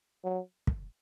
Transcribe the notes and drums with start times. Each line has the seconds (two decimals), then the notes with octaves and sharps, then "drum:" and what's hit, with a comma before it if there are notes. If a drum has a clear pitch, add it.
0.24 F#3
0.67 drum: kick